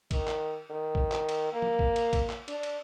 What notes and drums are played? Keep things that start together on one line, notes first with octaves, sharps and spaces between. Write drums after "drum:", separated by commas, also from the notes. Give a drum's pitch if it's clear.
D#3, drum: kick A#1, cymbal
drum: clap
D#3
drum: kick A#1
drum: clap
drum: cymbal
A#3
drum: tom
drum: kick A#1
drum: cymbal
drum: kick A#1, cymbal
drum: clap
D4, drum: cymbal
drum: cymbal